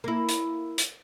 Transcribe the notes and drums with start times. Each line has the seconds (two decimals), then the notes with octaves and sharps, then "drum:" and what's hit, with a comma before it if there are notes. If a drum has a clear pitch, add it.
0.04 A#3 E4
0.29 drum: hi-hat
0.78 drum: hi-hat